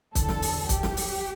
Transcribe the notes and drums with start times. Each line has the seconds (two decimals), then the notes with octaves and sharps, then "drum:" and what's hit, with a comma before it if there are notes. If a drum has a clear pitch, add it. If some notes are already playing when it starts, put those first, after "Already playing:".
0.15 E2 D3 A4, drum: kick, hi-hat
0.29 drum: snare
0.42 drum: open hi-hat
0.69 G4, drum: kick, hi-hat
0.83 drum: snare
0.97 drum: open hi-hat